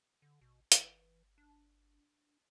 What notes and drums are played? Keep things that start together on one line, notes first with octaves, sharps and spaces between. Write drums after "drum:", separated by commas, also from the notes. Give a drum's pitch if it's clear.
D3
A1 B2
G1 E3, drum: hi-hat
D4